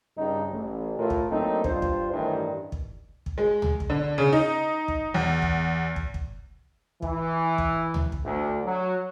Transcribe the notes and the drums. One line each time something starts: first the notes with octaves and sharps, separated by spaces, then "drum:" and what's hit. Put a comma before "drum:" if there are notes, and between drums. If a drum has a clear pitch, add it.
G2 C#3 D#4
A1
A2 F4 A#4
drum: kick
F#3 A3 A#3 C4 D4 D#4
G2 D4 F4 C5, drum: kick
drum: kick
A1 G2 D#3 E3 D4 E4
drum: kick
drum: kick
G#3
drum: tom C#2
drum: kick
D3
C#3
D#4
drum: kick
E2
drum: kick
drum: kick
drum: kick
E3, drum: kick
drum: kick
drum: tom C#2
drum: kick
D2
F#3